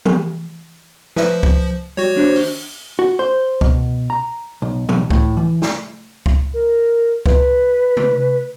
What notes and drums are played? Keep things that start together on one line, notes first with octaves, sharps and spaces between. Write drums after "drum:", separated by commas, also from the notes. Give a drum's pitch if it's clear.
drum: tom E3
F3 B4 E5, drum: snare
drum: kick C#2
G3 F#4 C#5
D#2 D4 C5
drum: open hi-hat
F#4
C5
B2, drum: kick C#2
A#5
B1
B1, drum: tom E3
A2, drum: kick C#2
E3
drum: snare
drum: kick C#2
A#4
B4, drum: kick C#2
drum: tom C3